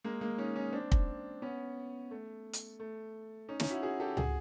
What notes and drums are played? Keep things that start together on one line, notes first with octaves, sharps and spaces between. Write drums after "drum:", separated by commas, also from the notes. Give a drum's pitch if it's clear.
G#3 A#3
G#3 A#3
C#4 D#4
C#4 D#4
C4 D4
drum: kick
B3 C#4
A3
drum: hi-hat
A3
C#4 D#4
C#4 D#4, drum: snare
E4 F#4
F#4 G#4
G4 A4
F#4 G#4, drum: tom C#2